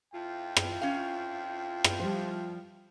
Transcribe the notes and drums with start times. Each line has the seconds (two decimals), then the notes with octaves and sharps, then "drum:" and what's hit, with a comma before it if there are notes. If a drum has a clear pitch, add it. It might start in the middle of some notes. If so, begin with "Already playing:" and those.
0.14 F2 E4 F4 G5
0.57 drum: rim click
0.82 C#4 F5
1.84 drum: rim click
2.00 F3 G3